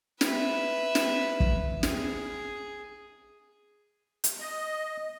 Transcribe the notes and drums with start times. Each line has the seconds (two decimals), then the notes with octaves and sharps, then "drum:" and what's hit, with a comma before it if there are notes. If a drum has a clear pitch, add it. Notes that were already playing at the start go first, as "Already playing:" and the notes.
0.21 B4 E5, drum: snare
0.95 drum: snare
1.40 drum: kick
1.83 G#4, drum: snare
4.24 drum: hi-hat
4.40 D#5